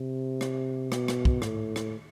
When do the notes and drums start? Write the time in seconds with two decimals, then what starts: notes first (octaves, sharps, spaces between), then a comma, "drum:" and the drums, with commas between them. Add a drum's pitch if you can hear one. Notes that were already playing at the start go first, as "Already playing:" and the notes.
Already playing: C3
0.41 drum: rim click
0.92 B2, drum: rim click
1.08 drum: rim click
1.25 drum: kick
1.42 A2, drum: rim click
1.76 drum: rim click